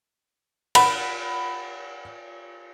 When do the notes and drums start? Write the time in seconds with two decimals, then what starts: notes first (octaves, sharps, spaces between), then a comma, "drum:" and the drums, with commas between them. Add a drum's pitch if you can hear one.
0.75 F#5 B5, drum: cymbal